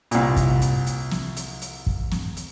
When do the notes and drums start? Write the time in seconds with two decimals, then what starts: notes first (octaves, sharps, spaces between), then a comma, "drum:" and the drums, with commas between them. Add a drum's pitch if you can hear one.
0.11 C2 A#2, drum: hi-hat
0.36 drum: kick, hi-hat
0.61 drum: hi-hat
0.86 drum: hi-hat
1.11 drum: snare
1.36 drum: hi-hat
1.62 drum: hi-hat
1.87 drum: kick
2.12 drum: snare
2.37 drum: hi-hat